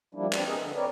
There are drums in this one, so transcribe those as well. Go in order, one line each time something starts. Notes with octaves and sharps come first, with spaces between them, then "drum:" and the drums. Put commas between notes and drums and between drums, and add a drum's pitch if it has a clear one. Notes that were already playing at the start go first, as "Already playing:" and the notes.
F3 G3 A#3 D4 E4
F3 B3 C4 D4, drum: clap
G#4 A#4 B4 D#5 E5
D3
C4 A#4 B4 C#5 D5